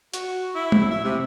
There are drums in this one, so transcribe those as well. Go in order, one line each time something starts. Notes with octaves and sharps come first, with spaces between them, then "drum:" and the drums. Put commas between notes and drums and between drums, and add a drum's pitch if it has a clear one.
F#4, drum: hi-hat
E4
drum: tom G#3
E5
C3